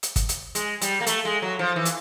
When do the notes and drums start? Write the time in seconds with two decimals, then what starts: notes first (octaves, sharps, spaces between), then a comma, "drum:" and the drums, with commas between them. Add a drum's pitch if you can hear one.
0.03 drum: hi-hat
0.16 drum: kick, hi-hat
0.29 drum: hi-hat
0.55 G#3, drum: hi-hat
0.81 G3, drum: hi-hat
1.01 A#3
1.06 A3, drum: hi-hat
1.25 G#3
1.42 F#3
1.59 F3
1.76 E3
1.85 drum: hi-hat